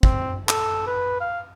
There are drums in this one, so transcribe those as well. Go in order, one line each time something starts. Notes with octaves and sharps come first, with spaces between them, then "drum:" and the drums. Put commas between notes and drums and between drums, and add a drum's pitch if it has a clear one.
C4, drum: kick
A4, drum: clap
B4
F5